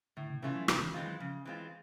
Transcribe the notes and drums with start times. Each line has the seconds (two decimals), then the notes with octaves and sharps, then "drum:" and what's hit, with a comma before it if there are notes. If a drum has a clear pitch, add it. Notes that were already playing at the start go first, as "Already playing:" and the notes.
0.17 A2 D3
0.30 C#3
0.38 B2
0.42 C3 E3 A3 C#4 F4
0.56 F#3
0.68 C#3 F3, drum: rim click
0.81 E3
0.94 D#3 E3 G#3 C4 F4
1.07 F#3
1.20 C#3 F3
1.45 E3 G#3 C4 F4